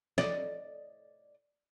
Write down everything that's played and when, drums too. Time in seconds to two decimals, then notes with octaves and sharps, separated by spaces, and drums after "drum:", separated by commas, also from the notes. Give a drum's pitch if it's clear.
0.18 D5 D#5, drum: snare